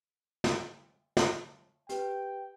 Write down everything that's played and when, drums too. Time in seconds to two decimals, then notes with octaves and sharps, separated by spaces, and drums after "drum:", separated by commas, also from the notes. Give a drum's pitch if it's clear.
0.44 drum: snare
1.17 drum: snare
1.89 G4 B4 G5, drum: hi-hat